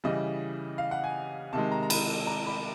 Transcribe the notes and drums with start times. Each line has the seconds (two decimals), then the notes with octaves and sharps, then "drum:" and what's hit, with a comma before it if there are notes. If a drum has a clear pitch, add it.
0.04 C#3 E3 G3 D#5
0.78 F5
0.91 F#5
1.04 G#5
1.53 C3 D#3 G#3 A5
1.72 A#5
1.83 A#5
1.90 B5, drum: cymbal
2.27 A#5
2.47 B5